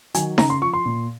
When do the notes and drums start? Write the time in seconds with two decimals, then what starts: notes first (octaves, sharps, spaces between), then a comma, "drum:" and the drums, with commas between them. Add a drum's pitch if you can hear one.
0.14 D#3 F#3 G#5, drum: hi-hat
0.38 C#3 A#5, drum: snare D#4
0.50 C6
0.62 F3 C#6
0.73 C6
0.86 A#2